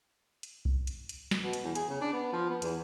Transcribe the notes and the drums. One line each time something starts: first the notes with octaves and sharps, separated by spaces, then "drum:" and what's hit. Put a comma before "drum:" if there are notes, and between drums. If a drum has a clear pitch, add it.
drum: hi-hat
drum: kick B1
drum: hi-hat
drum: hi-hat
drum: snare
B2
drum: hi-hat
E2
G#4, drum: hi-hat
C#3
D4
B3
F3
B3
E2, drum: hi-hat